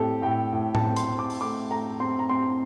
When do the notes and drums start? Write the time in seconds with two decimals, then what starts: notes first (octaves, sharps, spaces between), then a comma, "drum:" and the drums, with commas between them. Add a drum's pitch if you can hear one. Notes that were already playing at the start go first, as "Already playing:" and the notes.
Already playing: A2 C4 G4 A4
0.22 A2 G5
0.53 A2
0.75 A5, drum: tom A2
0.82 C4
0.96 C6, drum: hi-hat
1.12 C4
1.19 D6
1.30 drum: open hi-hat
1.41 A3 D6
1.71 A3 A#5
2.00 C4 C6
2.19 A#5
2.29 C4 C6